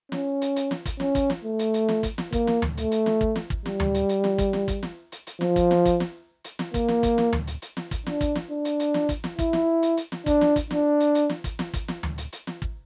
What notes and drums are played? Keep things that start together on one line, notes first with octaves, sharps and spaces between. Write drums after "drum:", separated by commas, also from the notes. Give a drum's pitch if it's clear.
C#4, drum: snare
drum: hi-hat
drum: hi-hat
drum: snare
drum: kick, hi-hat
C#4, drum: snare
drum: kick, hi-hat
drum: snare
A3
drum: hi-hat
drum: hi-hat
drum: snare
drum: kick, hi-hat
drum: snare
A#3, drum: kick, hi-hat
drum: snare
drum: tom D2
A3, drum: hi-hat
drum: hi-hat
drum: snare
drum: kick
drum: snare
drum: kick
G3, drum: snare
drum: tom D2
drum: hi-hat
drum: hi-hat
drum: snare
drum: kick, hi-hat
drum: snare
drum: kick, hi-hat
drum: snare
drum: hi-hat
drum: hi-hat
F3, drum: snare
drum: kick, hi-hat
drum: snare
drum: kick, hi-hat
drum: snare
drum: hi-hat
drum: snare
A#3, drum: kick, hi-hat
drum: snare
drum: kick, hi-hat
drum: snare
drum: tom D2
drum: hi-hat
drum: hi-hat
drum: snare
drum: kick, hi-hat
D4, drum: snare
drum: kick, hi-hat
drum: snare
D4
drum: hi-hat
drum: hi-hat
drum: snare
drum: kick, hi-hat
drum: snare
E4, drum: kick, hi-hat
drum: snare
drum: hi-hat
drum: hi-hat
drum: snare
D4, drum: kick, hi-hat
drum: snare
drum: kick, hi-hat
D4, drum: snare
drum: hi-hat
drum: hi-hat
drum: snare
drum: kick, hi-hat
drum: snare
drum: kick, hi-hat
drum: snare
drum: tom D2
drum: hi-hat
drum: hi-hat
drum: snare
drum: kick